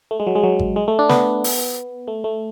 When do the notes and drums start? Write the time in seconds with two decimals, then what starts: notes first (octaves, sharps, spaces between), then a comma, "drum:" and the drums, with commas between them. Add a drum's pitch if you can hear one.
0.11 A3
0.20 G#3
0.27 F#3
0.35 G#3
0.43 F#3
0.59 drum: kick G#1
0.76 G#3
0.88 A3
0.99 D4
1.09 B3, drum: snare
1.44 drum: open hi-hat
2.08 A3
2.24 A3